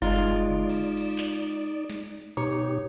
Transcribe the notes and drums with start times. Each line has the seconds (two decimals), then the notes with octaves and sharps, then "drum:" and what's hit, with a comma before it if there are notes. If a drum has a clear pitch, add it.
0.02 G#3 D#4 F4 D5, drum: kick F#1
0.50 drum: tom C#3
0.69 drum: cymbal
0.97 drum: cymbal
1.18 drum: clap
1.90 drum: snare
2.37 B2 D#4 G4 C#5